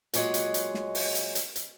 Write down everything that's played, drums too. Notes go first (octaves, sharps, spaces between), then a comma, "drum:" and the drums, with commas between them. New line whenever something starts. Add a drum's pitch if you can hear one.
A#2 F#3 G#3 C#5 D#5 F#5, drum: hi-hat
drum: hi-hat
drum: hi-hat
drum: snare
drum: open hi-hat
drum: hi-hat
drum: hi-hat
drum: hi-hat